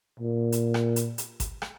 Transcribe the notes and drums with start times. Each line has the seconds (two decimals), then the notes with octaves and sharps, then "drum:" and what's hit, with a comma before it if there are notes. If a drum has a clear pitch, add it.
0.20 A#2
0.52 drum: hi-hat
0.74 drum: rim click
0.96 drum: hi-hat
1.18 drum: hi-hat
1.40 drum: kick G#1, hi-hat
1.62 drum: rim click